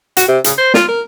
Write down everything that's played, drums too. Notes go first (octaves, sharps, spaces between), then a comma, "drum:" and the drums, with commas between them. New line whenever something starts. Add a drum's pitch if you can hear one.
F#4, drum: hi-hat
C3
C#3, drum: hi-hat
C5
F4, drum: snare
A#4